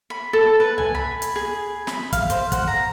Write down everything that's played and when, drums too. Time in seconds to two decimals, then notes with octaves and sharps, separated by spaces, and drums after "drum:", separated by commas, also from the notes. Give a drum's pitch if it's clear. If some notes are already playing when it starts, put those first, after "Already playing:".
0.10 B5
0.33 A4
0.60 B4
0.78 G#5, drum: tom C2
0.95 B5
1.22 drum: hi-hat
1.36 G#4
1.87 B5, drum: snare
2.13 F5, drum: kick, hi-hat
2.30 C5, drum: hi-hat
2.52 F#5, drum: kick, hi-hat
2.68 A#5